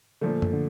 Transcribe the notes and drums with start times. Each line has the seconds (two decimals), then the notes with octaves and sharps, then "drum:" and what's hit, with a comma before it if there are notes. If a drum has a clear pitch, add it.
0.21 A#2 D3 F3 A3
0.42 drum: tom F#2
0.53 D3